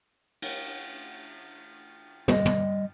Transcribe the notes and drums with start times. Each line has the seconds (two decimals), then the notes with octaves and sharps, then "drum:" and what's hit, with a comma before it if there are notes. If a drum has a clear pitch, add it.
0.42 drum: cymbal
2.28 G3 D#5, drum: tom
2.45 drum: tom